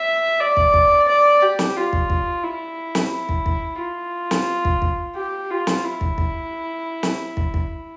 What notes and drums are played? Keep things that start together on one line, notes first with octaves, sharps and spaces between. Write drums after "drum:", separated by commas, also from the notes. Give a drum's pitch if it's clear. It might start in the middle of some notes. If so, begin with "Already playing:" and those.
Already playing: E5
D5
drum: kick
drum: kick
D5
G4
drum: snare
F4
drum: kick
drum: kick
E4
drum: snare
E4
drum: kick
drum: kick
F4
drum: snare
drum: kick
drum: kick
G4
F4
drum: snare
E4
drum: kick
drum: kick
drum: snare
drum: kick
drum: kick